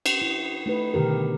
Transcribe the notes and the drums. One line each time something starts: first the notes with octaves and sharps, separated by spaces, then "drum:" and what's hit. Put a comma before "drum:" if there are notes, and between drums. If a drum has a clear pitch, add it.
drum: cymbal
E4
A3 D#4 B4
B2 D3 D#3 G4 A#4